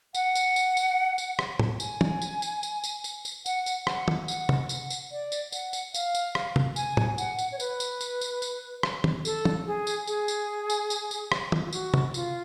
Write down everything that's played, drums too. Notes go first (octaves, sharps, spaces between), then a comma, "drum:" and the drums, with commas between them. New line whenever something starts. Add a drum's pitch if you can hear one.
F#5, drum: tambourine
drum: tambourine
drum: tambourine
drum: tambourine
drum: tambourine
drum: rim click
drum: tom
G#5, drum: tambourine
drum: tom
drum: tambourine
drum: tambourine
drum: tambourine
drum: tambourine
drum: tambourine
drum: tambourine
F#5, drum: tambourine
drum: tambourine
F#5, drum: rim click
drum: tom
F#5, drum: tambourine
drum: tom
F#5, drum: tambourine
drum: tambourine
D5
drum: tambourine
F#5, drum: tambourine
drum: tambourine
F5, drum: tambourine
drum: tambourine
drum: rim click
drum: tom
G#5, drum: tambourine
drum: tom
F#5, drum: tambourine
drum: tambourine
C#5
B4, drum: tambourine
drum: tambourine
drum: tambourine
drum: tambourine
drum: tambourine
drum: rim click
drum: tom
A4, drum: tambourine
drum: tom
G#4
drum: tambourine
G#4, drum: tambourine
drum: tambourine
drum: tambourine
drum: tambourine
drum: tambourine
drum: rim click
drum: tom
F4
F#4, drum: tambourine
drum: tom
F4, drum: tambourine